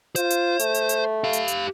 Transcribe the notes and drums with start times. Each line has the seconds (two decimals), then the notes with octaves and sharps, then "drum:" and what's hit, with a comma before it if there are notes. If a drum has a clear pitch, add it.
0.16 F4 C5, drum: hi-hat
0.30 drum: hi-hat
0.59 A3, drum: hi-hat
0.74 drum: hi-hat
0.89 drum: hi-hat
1.24 G4 F5
1.33 drum: hi-hat
1.48 drum: hi-hat